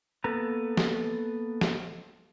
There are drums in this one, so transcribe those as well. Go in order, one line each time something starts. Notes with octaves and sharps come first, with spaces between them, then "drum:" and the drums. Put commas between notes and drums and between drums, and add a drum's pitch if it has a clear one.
A#3 B3 A4 B4 A#5
drum: snare
drum: snare